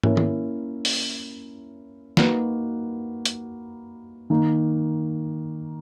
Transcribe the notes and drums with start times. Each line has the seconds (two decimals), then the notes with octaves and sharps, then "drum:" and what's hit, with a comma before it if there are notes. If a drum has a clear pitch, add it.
0.03 A#3 C#4 E4 A#4, drum: tom
0.17 drum: tom
0.85 drum: open hi-hat
2.17 A#3 D#4 F#4 B4, drum: snare
3.25 drum: hi-hat
4.30 D#3 A#3 D#4